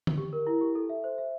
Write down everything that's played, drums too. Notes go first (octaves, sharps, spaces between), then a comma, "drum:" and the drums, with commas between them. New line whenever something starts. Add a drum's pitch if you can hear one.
drum: tom D3
G4
A#4
E4
G4
A4
E5
C5
E5